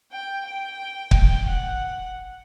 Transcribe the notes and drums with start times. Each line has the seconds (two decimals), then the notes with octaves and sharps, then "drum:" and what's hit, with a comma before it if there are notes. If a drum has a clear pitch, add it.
0.12 G5
0.46 G5
1.11 drum: kick
1.47 F#5